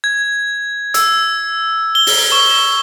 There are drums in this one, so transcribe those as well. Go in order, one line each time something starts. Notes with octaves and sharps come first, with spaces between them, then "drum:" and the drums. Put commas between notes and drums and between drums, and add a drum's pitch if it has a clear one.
G#6
E6, drum: hi-hat
G7
drum: open hi-hat
C#6